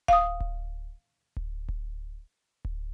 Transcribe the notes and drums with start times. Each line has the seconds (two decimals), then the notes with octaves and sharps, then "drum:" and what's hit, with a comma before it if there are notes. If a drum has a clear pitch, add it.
0.08 F5 D#6, drum: kick D1
0.40 drum: kick D1
1.36 drum: kick D1
1.68 drum: kick D1
2.65 drum: kick D1